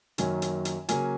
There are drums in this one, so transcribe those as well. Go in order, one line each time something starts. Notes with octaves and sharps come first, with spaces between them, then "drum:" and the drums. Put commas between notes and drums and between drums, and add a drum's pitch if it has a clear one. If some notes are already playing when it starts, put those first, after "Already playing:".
F#2 D#3 F#3 A#3 C#4 G#5, drum: hi-hat
drum: hi-hat
drum: hi-hat
C#3 F#3 A#3 C#4 G#5, drum: hi-hat